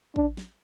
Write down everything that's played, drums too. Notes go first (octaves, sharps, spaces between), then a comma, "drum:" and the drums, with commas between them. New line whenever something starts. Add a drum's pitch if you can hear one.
D4, drum: kick
drum: snare